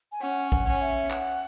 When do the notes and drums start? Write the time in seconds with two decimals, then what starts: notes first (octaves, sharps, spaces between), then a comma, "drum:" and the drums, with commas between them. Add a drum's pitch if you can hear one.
0.12 G#5
0.21 C#4 F#5
0.52 F#5, drum: kick A1
0.66 C#4
0.81 E5
1.11 F#5, drum: clap